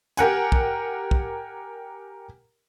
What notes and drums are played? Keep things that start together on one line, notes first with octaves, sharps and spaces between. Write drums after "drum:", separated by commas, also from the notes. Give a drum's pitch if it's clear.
G4 A#4 F#5 G#5, drum: hi-hat
drum: kick
drum: kick